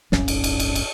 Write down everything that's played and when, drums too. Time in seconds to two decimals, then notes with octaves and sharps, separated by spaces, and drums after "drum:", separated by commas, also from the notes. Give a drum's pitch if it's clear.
0.12 D1 G1 C#4, drum: snare
0.28 drum: cymbal
0.44 drum: cymbal
0.60 drum: cymbal
0.75 drum: cymbal